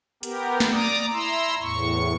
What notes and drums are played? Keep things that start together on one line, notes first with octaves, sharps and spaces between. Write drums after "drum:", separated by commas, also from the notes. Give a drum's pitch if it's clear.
B3 G4 A#4, drum: hi-hat
drum: snare
D5 A#5 D6 D#6
E4 A#5 C6 E6
E2 A2 C#6